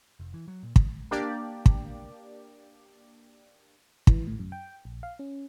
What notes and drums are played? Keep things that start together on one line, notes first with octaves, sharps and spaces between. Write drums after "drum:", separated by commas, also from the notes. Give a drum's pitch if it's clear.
F1
E3
F#3
A#2
C#3, drum: kick
A#3 D4 G4 D5
drum: kick
E3, drum: kick
A2
F#2
G5
A#1
F5
C#4